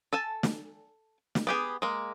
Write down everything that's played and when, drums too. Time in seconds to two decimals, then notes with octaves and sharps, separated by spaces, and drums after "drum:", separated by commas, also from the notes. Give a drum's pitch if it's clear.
0.13 A4 G#5 A5
0.43 drum: snare
1.35 drum: snare
1.47 B3 G4 G#4
1.82 G#3 A#3